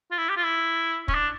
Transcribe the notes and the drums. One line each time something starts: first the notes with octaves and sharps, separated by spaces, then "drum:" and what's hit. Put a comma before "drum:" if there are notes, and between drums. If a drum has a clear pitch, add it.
F4
E4
G4
F4
E4
C#4, drum: kick
D4